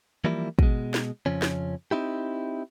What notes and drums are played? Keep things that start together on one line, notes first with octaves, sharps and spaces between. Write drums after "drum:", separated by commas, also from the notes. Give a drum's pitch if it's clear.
E3 F3 G3 A#3 E4
B2 G#3, drum: kick
drum: snare
F2 C#3 F3 C#4
drum: snare
C4 D#4 E4 G4